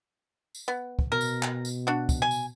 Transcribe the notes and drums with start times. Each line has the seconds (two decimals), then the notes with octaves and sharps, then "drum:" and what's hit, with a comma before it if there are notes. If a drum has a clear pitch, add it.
0.55 drum: tambourine
0.68 B3
0.99 drum: kick
1.12 B2 A#4
1.21 drum: tambourine
1.43 drum: clap
1.65 drum: tambourine
1.87 D4 F#4
2.09 drum: kick, tambourine
2.22 G#5
2.31 drum: tambourine